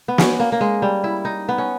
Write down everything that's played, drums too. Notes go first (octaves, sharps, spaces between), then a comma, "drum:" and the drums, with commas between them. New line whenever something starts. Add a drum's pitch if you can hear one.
B3
C#4, drum: snare
A#3
A#3
G#3
G3
E4
D#4
B3
C#4